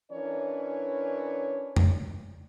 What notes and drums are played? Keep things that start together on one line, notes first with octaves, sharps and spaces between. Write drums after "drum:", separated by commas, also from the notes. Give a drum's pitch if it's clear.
E3 C#4 D4 A#4 C#5 D5
drum: tom F2